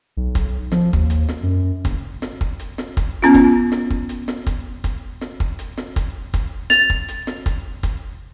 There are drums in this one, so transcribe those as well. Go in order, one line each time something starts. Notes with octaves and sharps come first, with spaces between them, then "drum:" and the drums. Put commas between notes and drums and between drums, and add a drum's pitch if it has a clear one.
B1
drum: kick, hi-hat
F3, drum: snare
D#2, drum: kick
drum: hi-hat
drum: snare
F#2
F#1, drum: kick, hi-hat
drum: snare
drum: kick
drum: hi-hat
drum: snare
drum: kick, hi-hat
B3 C#4 F4
drum: kick, hi-hat
drum: snare
drum: kick
drum: hi-hat
drum: snare
drum: kick, hi-hat
drum: kick, hi-hat
drum: snare
drum: kick
drum: hi-hat
drum: snare
drum: kick, hi-hat
drum: kick, hi-hat
A6 F7, drum: snare
drum: kick
drum: hi-hat
drum: snare
drum: kick, hi-hat
drum: kick, hi-hat